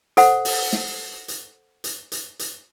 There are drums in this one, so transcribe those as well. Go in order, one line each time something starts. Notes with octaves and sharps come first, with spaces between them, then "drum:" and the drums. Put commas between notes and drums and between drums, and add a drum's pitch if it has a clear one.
A4 C5 F#5, drum: hi-hat
drum: open hi-hat
drum: snare
drum: hi-hat
drum: hi-hat
drum: hi-hat
drum: hi-hat